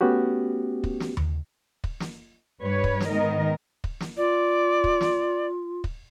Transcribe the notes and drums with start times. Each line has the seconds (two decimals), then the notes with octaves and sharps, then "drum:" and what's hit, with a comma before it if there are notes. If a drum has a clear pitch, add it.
0.01 A3 B3 C#4 F#4 G4
0.84 drum: kick
1.00 drum: snare
1.17 drum: tom D#2
1.84 drum: kick
2.00 drum: snare
2.62 G2 G3 B4 C#5
2.84 drum: kick
3.00 drum: snare
3.10 G#2 D#3 B3 A#4 D#5
3.84 drum: kick
4.00 drum: snare
4.17 F4 D5
4.84 drum: kick
5.01 drum: snare
5.84 drum: kick